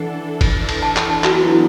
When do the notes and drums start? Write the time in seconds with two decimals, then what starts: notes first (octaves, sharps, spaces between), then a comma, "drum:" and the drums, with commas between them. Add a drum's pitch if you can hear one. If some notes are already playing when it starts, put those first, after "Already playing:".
Already playing: E3 D4 A4 F#5
0.41 E3 D4 A4, drum: kick, cymbal
0.69 drum: cymbal
0.83 A5
0.97 A5, drum: clap
1.10 A5
1.24 F#2 E3 B3 D4 F#4, drum: clap
1.34 F#4
1.45 E4